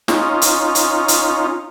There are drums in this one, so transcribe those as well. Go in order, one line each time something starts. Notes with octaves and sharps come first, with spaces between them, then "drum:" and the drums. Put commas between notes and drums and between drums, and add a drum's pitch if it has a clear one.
C#4 D#4 F4, drum: snare
drum: hi-hat
drum: hi-hat
drum: hi-hat